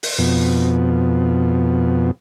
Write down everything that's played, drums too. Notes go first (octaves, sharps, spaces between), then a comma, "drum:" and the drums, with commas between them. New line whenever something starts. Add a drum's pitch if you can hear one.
drum: open hi-hat
F2 B2